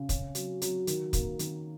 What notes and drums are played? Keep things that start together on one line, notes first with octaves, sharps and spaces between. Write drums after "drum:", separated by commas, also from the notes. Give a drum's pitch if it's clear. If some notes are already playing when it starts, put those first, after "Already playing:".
Already playing: C#3
C#4, drum: kick, hi-hat
F#3, drum: hi-hat
F#3, drum: hi-hat
D#3, drum: hi-hat
A#3, drum: kick, hi-hat
D#3, drum: hi-hat